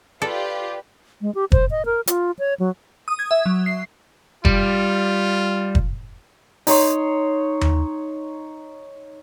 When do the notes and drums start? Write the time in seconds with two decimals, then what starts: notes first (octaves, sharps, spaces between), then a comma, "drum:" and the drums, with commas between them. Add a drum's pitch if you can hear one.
0.22 F4 G4 A4 B4 D5
1.21 G#3
1.35 G4
1.52 C5, drum: kick
1.71 D#5
1.85 A#4
2.07 F4, drum: hi-hat
2.39 C#5
2.60 F#3
3.08 D#6
3.19 G#6
3.31 E5
3.46 F#3
3.66 C7
4.45 G3 F4, drum: kick
5.75 drum: kick
6.67 D#4 C#5 C6, drum: open hi-hat
7.61 drum: tom D#2